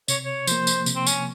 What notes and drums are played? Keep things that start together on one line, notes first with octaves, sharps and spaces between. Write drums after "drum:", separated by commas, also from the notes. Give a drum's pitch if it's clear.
C3 C#5, drum: tambourine
C#5
F3 A#3 C5, drum: tambourine
drum: tambourine
C3, drum: tambourine
C4
C#4, drum: tambourine